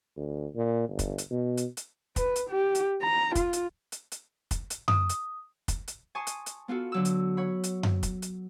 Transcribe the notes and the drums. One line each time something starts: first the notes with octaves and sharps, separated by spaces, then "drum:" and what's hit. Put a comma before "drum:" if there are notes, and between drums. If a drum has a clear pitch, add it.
D2
A#2
G1
drum: kick, hi-hat
drum: hi-hat
B2
drum: hi-hat
drum: hi-hat
B4, drum: kick, hi-hat
drum: hi-hat
G4
drum: hi-hat
A#5
F4, drum: kick, hi-hat
drum: hi-hat
drum: hi-hat
drum: hi-hat
drum: kick, hi-hat
drum: hi-hat
D#6, drum: tom F#2
drum: hi-hat
drum: kick, hi-hat
drum: hi-hat
G#5 A5 C6 C#6 D#6
drum: hi-hat
drum: hi-hat
B3 F4 F#4 A4
D3 F#3 E6
drum: hi-hat
C#5 F#5 B5
drum: hi-hat
drum: tom F#2
drum: kick, hi-hat
drum: hi-hat